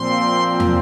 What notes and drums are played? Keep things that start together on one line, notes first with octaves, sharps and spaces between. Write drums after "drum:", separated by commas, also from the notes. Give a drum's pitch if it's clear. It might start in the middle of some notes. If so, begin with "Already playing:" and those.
Already playing: A#2 F3 C4 C6
drum: tom